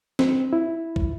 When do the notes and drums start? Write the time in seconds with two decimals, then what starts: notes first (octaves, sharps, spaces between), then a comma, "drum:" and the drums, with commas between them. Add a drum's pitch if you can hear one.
0.19 C4, drum: snare
0.53 E4
0.96 drum: kick